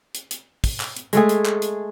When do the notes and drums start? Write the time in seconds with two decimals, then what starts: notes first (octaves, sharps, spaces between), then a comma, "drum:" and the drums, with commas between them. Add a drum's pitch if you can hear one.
0.15 drum: hi-hat
0.31 drum: hi-hat
0.64 drum: kick, open hi-hat
0.80 drum: clap
0.96 drum: hi-hat
1.13 G#3 A3 G#4, drum: hi-hat
1.29 drum: hi-hat
1.46 drum: clap
1.62 drum: hi-hat